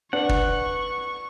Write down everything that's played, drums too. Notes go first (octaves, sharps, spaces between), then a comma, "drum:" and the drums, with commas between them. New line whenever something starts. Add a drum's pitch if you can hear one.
D4 B4 F#5 C#6
drum: kick